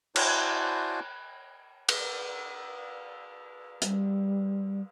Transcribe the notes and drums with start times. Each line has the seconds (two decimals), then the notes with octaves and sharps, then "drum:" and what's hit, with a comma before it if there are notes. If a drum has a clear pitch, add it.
0.16 E4 F#4 C5 D5 G#5 A5, drum: cymbal
1.89 drum: cymbal
3.82 G3, drum: hi-hat